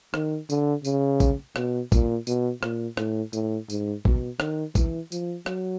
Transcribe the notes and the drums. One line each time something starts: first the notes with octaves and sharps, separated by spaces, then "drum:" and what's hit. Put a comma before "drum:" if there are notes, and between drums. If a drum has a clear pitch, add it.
D#3, drum: rim click
D3, drum: tambourine
C#3, drum: tambourine
drum: kick A1, tambourine
B2, drum: rim click
A#2, drum: kick A1, tambourine
B2, drum: tambourine
A#2, drum: rim click
A2, drum: rim click
A2, drum: tambourine
G#2, drum: tambourine
B2, drum: kick A1
D#3, drum: rim click
E3, drum: kick A1, tambourine
F3, drum: tambourine
F#3, drum: rim click